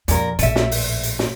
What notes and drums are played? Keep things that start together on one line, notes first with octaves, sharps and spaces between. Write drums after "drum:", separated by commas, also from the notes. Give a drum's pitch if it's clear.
F2 A#2 D4 A#4, drum: hi-hat
A#1 A2 A3 E5, drum: hi-hat
drum: snare
drum: open hi-hat
drum: hi-hat
drum: snare